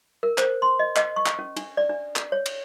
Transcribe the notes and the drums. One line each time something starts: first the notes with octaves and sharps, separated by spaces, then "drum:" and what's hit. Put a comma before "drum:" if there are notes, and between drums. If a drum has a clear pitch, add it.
A#4
C5, drum: clap
C6
D#5
D#5, drum: clap
C#6
drum: clap
C#4
D4, drum: cymbal
D5
D4
drum: clap
C#5
drum: cymbal